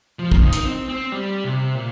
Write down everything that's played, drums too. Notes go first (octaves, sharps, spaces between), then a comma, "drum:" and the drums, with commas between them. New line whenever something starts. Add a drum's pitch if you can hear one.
F3
drum: kick
D#4
drum: hi-hat
C4
C4
G3
C3
A#2